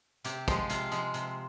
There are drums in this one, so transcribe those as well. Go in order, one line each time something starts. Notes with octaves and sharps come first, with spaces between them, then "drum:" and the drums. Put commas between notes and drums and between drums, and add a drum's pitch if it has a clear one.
C3 G4, drum: hi-hat
F3 G#3, drum: kick, hi-hat
C3 F4, drum: hi-hat
F3 G#3, drum: hi-hat
C3, drum: hi-hat